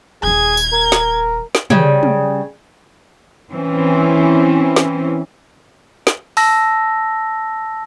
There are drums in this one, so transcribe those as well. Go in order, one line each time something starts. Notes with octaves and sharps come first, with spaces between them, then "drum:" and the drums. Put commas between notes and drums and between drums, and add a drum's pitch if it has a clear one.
D#1 D#3 G#4 G#6
drum: tambourine
A#4
drum: snare
drum: snare
C#3 G3, drum: tom
drum: tom
E3 C4 C#4
drum: snare
drum: snare
A5 E6 A#6, drum: open hi-hat